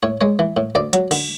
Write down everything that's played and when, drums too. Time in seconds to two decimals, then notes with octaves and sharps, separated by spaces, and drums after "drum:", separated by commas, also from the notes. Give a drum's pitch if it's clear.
0.03 A2 C#5
0.21 G#3 C#5
0.39 E3
0.57 A2
0.75 D2 D5
0.93 F#3, drum: hi-hat
1.11 D3, drum: cymbal